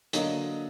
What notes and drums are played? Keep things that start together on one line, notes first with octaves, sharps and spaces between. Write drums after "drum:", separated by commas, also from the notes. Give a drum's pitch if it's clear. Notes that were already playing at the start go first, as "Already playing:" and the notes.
D3 F#3 A#3 D#5, drum: hi-hat